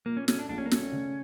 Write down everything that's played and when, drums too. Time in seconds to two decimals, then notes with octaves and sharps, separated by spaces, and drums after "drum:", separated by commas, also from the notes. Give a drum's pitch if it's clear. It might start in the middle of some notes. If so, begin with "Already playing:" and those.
0.06 A#2 A#3
0.17 C#4
0.28 A3 C#4, drum: snare
0.39 D4
0.49 A#1 D4
0.58 C#4
0.66 A#3
0.71 A3 C#4, drum: snare
0.92 C#3